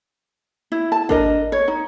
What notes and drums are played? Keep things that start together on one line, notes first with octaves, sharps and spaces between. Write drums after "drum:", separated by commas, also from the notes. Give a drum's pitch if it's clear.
E4
A5
D4 A#4 D#5, drum: kick G#1
C#5
D#4